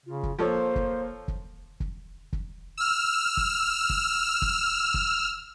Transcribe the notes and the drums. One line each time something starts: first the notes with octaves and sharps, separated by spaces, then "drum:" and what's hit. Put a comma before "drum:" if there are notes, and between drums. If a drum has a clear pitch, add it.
C#3 F4
drum: kick
F3 A#3 A4 C5 C#5
drum: kick
drum: kick
drum: kick
drum: kick
E6 F6
drum: kick
drum: kick
drum: kick
drum: kick